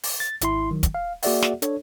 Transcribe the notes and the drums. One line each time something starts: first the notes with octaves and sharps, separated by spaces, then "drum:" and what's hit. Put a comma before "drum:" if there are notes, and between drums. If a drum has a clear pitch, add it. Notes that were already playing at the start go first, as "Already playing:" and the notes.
drum: open hi-hat
A6
G#1 E4 C6, drum: hi-hat
D#3 F#3
drum: kick, hi-hat
F5
A#3 F#4 G#4 D5 E5 F#5, drum: open hi-hat
drum: snare
D4 A4 C#5, drum: hi-hat